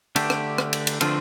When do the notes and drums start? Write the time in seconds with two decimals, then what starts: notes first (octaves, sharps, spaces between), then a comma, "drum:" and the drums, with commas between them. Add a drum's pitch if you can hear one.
0.16 D3 A3 D4 G4, drum: cymbal
0.30 drum: rim click
0.58 drum: rim click
0.73 drum: cymbal
0.87 drum: cymbal
1.01 D3 F3 A3 C4 F4, drum: cymbal